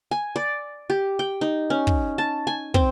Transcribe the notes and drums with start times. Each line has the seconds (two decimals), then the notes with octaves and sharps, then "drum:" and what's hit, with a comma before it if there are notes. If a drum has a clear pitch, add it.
0.11 G#5
0.36 D5
0.90 G4
1.19 G5
1.41 D#4
1.70 C#4
1.87 drum: kick
2.18 A5
2.47 G#5
2.74 C4, drum: kick